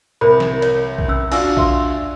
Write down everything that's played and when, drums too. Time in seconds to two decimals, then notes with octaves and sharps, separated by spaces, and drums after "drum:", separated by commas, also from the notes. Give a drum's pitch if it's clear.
0.21 C2 A#4 C5 B5
0.40 drum: snare
0.62 C#5, drum: cymbal
0.98 drum: kick A#1
1.08 C#4 E6
1.32 D4 F4 F#4 G#5 E6, drum: cymbal
1.57 E5 C6 E6, drum: kick A#1